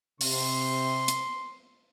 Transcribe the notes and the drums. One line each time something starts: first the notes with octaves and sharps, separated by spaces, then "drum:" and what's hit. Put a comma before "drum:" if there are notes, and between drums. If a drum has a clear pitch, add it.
C3 C6, drum: open hi-hat
drum: hi-hat